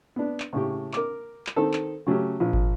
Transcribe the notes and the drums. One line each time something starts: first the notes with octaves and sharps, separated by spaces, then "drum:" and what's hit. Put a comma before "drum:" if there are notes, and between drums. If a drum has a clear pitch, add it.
B3 D4
drum: clap
A2 C#3 G4
A#4 D6, drum: clap
drum: clap
D#3 C4 A4
drum: clap
C#3 F#3 A3 C#4 G4
A#1 F3
drum: kick